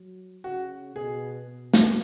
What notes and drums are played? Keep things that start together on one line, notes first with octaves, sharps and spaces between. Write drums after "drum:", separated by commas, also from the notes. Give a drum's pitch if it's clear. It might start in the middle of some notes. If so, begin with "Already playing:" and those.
Already playing: F#3
C#3 F#4
B2 G#4
B2
drum: snare